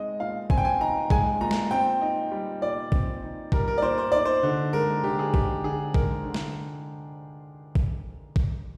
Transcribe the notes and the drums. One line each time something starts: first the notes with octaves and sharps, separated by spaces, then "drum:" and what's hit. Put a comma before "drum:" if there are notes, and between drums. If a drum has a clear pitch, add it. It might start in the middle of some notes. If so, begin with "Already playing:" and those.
Already playing: G#3 C4 D#4 D#5
A#2 F5
C4 G#5, drum: kick A1
G5
G#5
D#4 A#5
G#3 G#5, drum: kick A1
A#2 A#5
drum: snare
C4 G5
D#4
G3
A#2 D5
C4, drum: kick A1
D#4
G3 A#4, drum: kick A1
A#4
D5
A#2 C5
C5
D#4 D5
C5
D3
G#3 A#4
D3 G4
G#4
D#4 G4, drum: kick A1
D3 G#4
G#3 A#4, drum: kick A1
D3
drum: snare
drum: kick A1
drum: kick A1